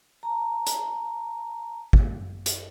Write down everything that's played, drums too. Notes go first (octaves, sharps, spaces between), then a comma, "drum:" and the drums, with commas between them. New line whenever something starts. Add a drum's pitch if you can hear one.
A5 A#5
drum: hi-hat
drum: kick
drum: hi-hat